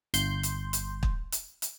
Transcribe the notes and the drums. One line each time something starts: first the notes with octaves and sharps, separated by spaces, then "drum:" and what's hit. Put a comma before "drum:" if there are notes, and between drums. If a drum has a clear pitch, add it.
G1 C6 G6, drum: hi-hat
drum: hi-hat
drum: hi-hat
drum: kick
drum: hi-hat
drum: hi-hat